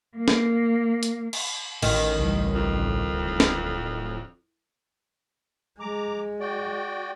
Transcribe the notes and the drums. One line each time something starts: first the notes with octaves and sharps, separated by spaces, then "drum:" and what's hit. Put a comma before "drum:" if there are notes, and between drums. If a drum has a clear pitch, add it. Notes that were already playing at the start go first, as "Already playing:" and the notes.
A#3
drum: snare
drum: hi-hat
drum: cymbal
A1 D#3, drum: cymbal
C#2 G3
F2
D1
drum: snare
G#3 A#5 D6
F#4 D5 G5